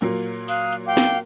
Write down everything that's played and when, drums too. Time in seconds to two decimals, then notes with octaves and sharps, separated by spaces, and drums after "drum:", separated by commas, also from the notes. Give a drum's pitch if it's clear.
0.01 A#2 F#3 A#3
0.48 F5 D#6 F#6, drum: open hi-hat
0.73 drum: hi-hat
0.87 F5 G5 D6
0.97 drum: snare